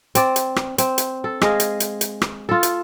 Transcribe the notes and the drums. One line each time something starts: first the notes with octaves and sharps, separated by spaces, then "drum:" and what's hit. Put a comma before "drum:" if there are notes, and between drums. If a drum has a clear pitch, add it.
C4 D5, drum: hi-hat
drum: hi-hat
drum: rim click
C4, drum: hi-hat
drum: hi-hat
A4
G#3 G#4 D#5 F5, drum: rim click
drum: hi-hat
drum: hi-hat
drum: hi-hat
drum: rim click
F4 A4
drum: hi-hat